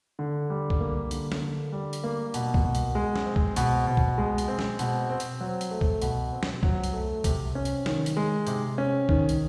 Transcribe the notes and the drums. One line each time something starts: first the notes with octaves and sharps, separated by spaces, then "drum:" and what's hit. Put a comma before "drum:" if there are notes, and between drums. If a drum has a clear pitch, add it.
D3
G3
drum: kick C2
A#3
D3, drum: hi-hat
drum: snare
D3
G3
drum: hi-hat
A#3
B2, drum: hi-hat
drum: kick C2
B2
drum: hi-hat
G#3
drum: snare
C4
drum: kick C2
B2, drum: hi-hat
B2
drum: kick C2
G#3
drum: hi-hat
C4
drum: snare
B2, drum: hi-hat
C4
drum: hi-hat
F#3
drum: hi-hat
A3
drum: kick C2
B2, drum: hi-hat
C4
drum: snare
F#3, drum: kick C2
drum: hi-hat
A3
C3, drum: kick C2, hi-hat
C#4
drum: hi-hat
D#3, drum: snare
drum: hi-hat
G#3
C3, drum: hi-hat
C#4
D#3, drum: kick C2
drum: hi-hat